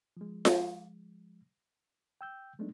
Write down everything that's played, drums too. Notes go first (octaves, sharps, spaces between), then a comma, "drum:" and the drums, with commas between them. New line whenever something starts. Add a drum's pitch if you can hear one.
F3 G#3
drum: snare F4
G5 E6 G6
F#3 G#3 A3 B3 D4 D#4